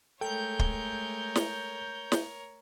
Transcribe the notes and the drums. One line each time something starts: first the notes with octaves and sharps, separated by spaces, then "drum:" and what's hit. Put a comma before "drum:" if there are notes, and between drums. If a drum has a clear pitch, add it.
G#3 A3 A4 A#4 C#5 G5 G6
drum: kick
drum: snare
drum: snare